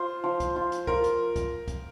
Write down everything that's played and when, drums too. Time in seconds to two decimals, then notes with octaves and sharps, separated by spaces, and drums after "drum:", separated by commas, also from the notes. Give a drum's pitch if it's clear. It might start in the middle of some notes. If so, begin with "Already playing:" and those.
Already playing: F4 C5
0.24 F3
0.40 drum: kick, hi-hat
0.56 F4
0.72 drum: hi-hat
0.87 F4 A#4, drum: kick
1.04 drum: hi-hat
1.36 drum: kick, hi-hat
1.68 drum: kick, hi-hat